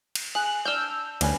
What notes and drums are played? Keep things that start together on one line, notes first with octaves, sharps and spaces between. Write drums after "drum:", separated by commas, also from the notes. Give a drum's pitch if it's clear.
drum: cymbal
G#4 F#6
D4 D5 E6 F6 G6
D2 G3 C#4 B4, drum: cymbal